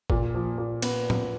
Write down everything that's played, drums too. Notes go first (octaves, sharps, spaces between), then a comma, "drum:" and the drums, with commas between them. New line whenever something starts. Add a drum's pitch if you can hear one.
A#2, drum: kick G#1
F3
A#2
B3, drum: cymbal
drum: tom A2